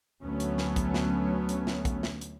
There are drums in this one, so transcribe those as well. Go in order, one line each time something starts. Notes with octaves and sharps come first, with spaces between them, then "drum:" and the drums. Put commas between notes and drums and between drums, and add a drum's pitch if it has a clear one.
D2 F#3 A3 B3 C#4
drum: hi-hat
drum: snare
drum: kick, hi-hat
drum: snare
drum: hi-hat
drum: snare
drum: kick, hi-hat
drum: snare
drum: hi-hat